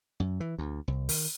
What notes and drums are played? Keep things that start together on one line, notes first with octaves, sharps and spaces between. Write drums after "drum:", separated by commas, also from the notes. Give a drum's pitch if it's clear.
F#2
E3
D2
C2
D#3, drum: open hi-hat